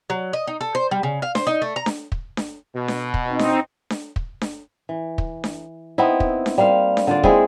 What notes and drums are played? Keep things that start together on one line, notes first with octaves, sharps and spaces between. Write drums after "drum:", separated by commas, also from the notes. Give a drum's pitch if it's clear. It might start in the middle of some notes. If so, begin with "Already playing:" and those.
F#3
D#5
D#4
A4
C5
G3
C#3
F5
C5, drum: snare D4
D#4
A3
A#5
drum: snare D4
drum: kick
drum: snare D4
B2
drum: snare D4
drum: kick
C4 D#4
drum: snare D4
drum: snare D4
drum: kick
drum: snare D4
E3
drum: kick
drum: snare D4
B3 C4 D#4 E4
drum: kick
drum: snare D4
G3 A#3 C5 F5
drum: snare D4
D3 F4 D5
G#3 C4 E4 G#4, drum: kick